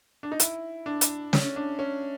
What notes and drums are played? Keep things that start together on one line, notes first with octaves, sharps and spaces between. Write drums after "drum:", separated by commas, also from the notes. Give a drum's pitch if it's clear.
D4
D#4
E4, drum: hi-hat
D4
drum: hi-hat
C#4, drum: snare
D4
C#4